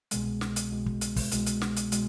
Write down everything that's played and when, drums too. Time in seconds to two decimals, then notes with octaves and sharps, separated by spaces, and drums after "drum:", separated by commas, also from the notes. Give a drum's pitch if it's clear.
0.11 C2 B2 G#3, drum: hi-hat
0.41 drum: snare
0.56 drum: hi-hat
0.71 C2 B2 G#3
0.86 drum: kick
1.01 drum: hi-hat
1.16 drum: kick, open hi-hat
1.32 C2 B2 G#3, drum: hi-hat
1.46 drum: hi-hat
1.62 drum: snare
1.77 drum: hi-hat
1.92 B2 G#3, drum: hi-hat